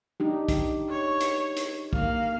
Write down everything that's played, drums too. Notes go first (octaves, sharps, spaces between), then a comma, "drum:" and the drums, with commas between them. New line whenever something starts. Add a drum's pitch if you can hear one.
D4 D#4 G4
drum: kick, hi-hat
C#5
drum: hi-hat
drum: hi-hat
A#3 F5, drum: kick